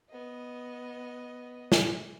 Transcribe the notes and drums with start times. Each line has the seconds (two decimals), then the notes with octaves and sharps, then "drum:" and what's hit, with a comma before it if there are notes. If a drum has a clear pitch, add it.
0.11 B3 D#5
1.72 drum: snare